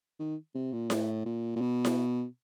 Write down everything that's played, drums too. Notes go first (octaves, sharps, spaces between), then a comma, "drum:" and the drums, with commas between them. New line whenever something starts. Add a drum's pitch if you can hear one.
D#3
C3
A#2
A2, drum: snare E4
A#2
A#2
B2
drum: snare E4